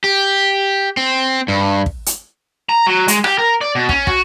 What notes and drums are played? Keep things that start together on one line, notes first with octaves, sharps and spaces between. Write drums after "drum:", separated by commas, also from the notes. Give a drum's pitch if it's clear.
G4
C4
G2
drum: kick
drum: hi-hat
A#5
F#3
G#3, drum: hi-hat
G4, drum: rim click
A#4
D5
B2
C#4, drum: kick
F#4, drum: kick